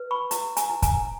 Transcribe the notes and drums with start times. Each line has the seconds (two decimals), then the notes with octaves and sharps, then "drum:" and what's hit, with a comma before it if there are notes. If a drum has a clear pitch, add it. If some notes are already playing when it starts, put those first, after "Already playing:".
Already playing: B4
0.11 B5 C#6
0.31 E4, drum: hi-hat
0.57 G#5 A#5, drum: hi-hat
0.70 E4
0.82 G#5 A#5, drum: kick, hi-hat